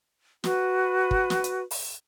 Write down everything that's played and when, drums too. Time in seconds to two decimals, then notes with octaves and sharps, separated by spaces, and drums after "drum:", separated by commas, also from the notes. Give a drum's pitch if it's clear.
0.44 F#4 B4, drum: snare
1.11 drum: kick
1.30 drum: snare
1.44 drum: hi-hat
1.71 drum: open hi-hat